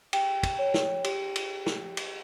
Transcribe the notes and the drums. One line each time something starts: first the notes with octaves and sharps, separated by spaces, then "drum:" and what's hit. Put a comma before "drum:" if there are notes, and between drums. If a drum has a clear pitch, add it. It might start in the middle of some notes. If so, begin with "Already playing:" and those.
G4 G5, drum: cymbal
drum: kick, cymbal
C#5
drum: snare
G4, drum: cymbal
drum: cymbal
drum: snare
drum: cymbal